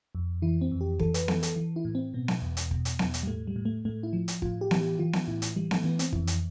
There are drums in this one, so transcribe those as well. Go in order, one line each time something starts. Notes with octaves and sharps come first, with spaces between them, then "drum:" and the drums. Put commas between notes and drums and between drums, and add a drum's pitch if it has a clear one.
F2
E3 E4
C4
F2
G4
E3 A4, drum: kick
B4, drum: hi-hat
E3 A4, drum: snare B3
A4, drum: hi-hat
E3
E4
A2
C4
B2 B3
drum: snare B3
E2
drum: hi-hat
B2, drum: kick
drum: hi-hat
E2, drum: snare B3
drum: hi-hat
G3
A2 A3
G3
A2
A3
A2 A3
E4
F3
drum: hi-hat
A2 F4, drum: kick
G4
E3, drum: snare B3
G4
E3 F4
drum: snare B3
A2 E4
drum: hi-hat
E3 G3
A3, drum: snare B3
E3 B3
C4, drum: hi-hat
F2 E4, drum: kick
drum: hi-hat